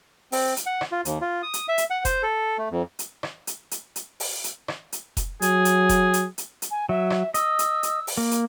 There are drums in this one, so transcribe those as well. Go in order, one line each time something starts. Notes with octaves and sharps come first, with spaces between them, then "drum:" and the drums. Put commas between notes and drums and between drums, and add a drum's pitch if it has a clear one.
C4, drum: open hi-hat
drum: hi-hat
F#5
drum: rim click
F4
D#2, drum: hi-hat
F4
D#6
drum: hi-hat
E5
drum: hi-hat
F#5
C5, drum: kick F1, hi-hat
A4
A3
F2
drum: hi-hat
drum: rim click
drum: hi-hat
drum: hi-hat
drum: hi-hat
drum: open hi-hat
drum: hi-hat
drum: rim click
drum: hi-hat
drum: kick F1, hi-hat
F#3 G#4, drum: hi-hat
drum: hi-hat
drum: kick F1, hi-hat
drum: hi-hat
drum: hi-hat
drum: hi-hat
G#5
F#3 E5
drum: rim click
D#5 E6, drum: hi-hat
drum: hi-hat
drum: hi-hat
drum: open hi-hat
A#3
drum: hi-hat